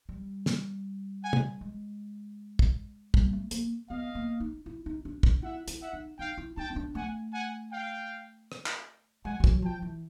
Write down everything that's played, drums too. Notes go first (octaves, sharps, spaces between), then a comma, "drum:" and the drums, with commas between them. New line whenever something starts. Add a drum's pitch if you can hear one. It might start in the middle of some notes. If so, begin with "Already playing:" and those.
G3
drum: snare
F#5 G#5
drum: tom
G#3
drum: kick
G3, drum: kick
A#3
A3
A#3, drum: hi-hat
B3 D#5 F5
A#3
D#4
E4
D#4
D4
D4, drum: kick
E4 E5 F#5
E4, drum: hi-hat
E5 F#5
D#4
D#4 F5 G5
E4
D#4 G5 A5
C#4
D4
A3 F#5 G#5
F#5 G#5
F5 G5
drum: rim click
drum: clap
G#3 F#5 G#5
G3
F#3, drum: kick
F3 G5 A5
E3